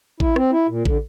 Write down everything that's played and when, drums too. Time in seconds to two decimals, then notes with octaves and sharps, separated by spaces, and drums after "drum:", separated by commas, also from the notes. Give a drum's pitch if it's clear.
0.20 E4, drum: kick A1
0.36 C4, drum: rim click
0.52 E4
0.69 A#2
0.85 D3, drum: kick A1